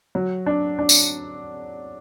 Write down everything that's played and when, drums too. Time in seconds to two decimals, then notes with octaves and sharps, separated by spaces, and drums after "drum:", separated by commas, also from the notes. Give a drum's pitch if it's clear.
0.15 F#3
0.46 D4
0.79 D4
0.89 drum: tambourine